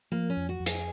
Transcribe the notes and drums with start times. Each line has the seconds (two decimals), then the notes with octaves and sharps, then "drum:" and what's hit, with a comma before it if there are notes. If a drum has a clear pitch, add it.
0.12 F3 A#3
0.30 C#4
0.37 F2
0.49 F#4
0.60 F2
0.66 G#4, drum: hi-hat